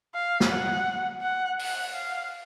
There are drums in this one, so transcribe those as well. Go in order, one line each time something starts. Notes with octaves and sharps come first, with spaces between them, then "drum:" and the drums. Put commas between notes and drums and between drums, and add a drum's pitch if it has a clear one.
F5
drum: snare
F#5
F#5
F#5, drum: open hi-hat
F5